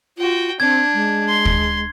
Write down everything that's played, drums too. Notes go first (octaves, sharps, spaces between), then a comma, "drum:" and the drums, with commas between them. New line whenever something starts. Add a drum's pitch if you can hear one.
F4 F#4 G5
C4 D4 G#6
G#3
C6
drum: kick